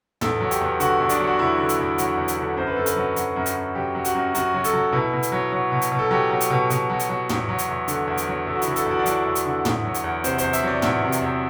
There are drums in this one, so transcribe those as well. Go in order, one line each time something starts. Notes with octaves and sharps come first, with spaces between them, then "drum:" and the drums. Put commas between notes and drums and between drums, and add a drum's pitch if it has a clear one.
E2 A4, drum: tom
F#3
G4, drum: hi-hat
E2
D3 F#4, drum: hi-hat
E2
D4, drum: hi-hat
F#3
F#4
E2 E4
D3
drum: hi-hat
E2
F#3, drum: hi-hat
E2
drum: hi-hat
D3
F#2 C5
B4
F#2 A4
B4, drum: hi-hat
F#3
F#3, drum: hi-hat
F#2
drum: hi-hat
F#2
F#3 G4
F#3
F#4, drum: hi-hat
F#2
F#2 F#4, drum: hi-hat
F#3
A4, drum: hi-hat
F#3
B2 E4
B2
drum: hi-hat
F#3
F#3
B2
drum: hi-hat
B2
A4
F#3 G4
F#3
drum: hi-hat
B2
B2, drum: hi-hat
F#3
drum: hi-hat
F#3
E2, drum: tom
F#3
drum: hi-hat
E2
D3, drum: hi-hat
E2
drum: hi-hat
F#3
E2 A4
F#4
E4, drum: hi-hat
D3
A4, drum: hi-hat
E2 F#4
D4
F#3 E4, drum: hi-hat
E2
drum: hi-hat
D3
E2, drum: tom
F#3
drum: hi-hat
E2
C3 C5, drum: hi-hat
C5, drum: hi-hat
E2
E5, drum: hi-hat
F#3 D5
E2 E5, drum: tom
C3
drum: hi-hat
E2